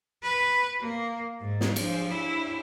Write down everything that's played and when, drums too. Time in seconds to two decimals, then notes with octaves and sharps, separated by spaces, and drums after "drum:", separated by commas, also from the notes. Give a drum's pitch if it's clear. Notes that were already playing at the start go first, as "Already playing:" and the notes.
0.23 B4
0.80 A#3
1.40 G#2
1.61 drum: snare
1.76 F3, drum: cymbal
2.09 E4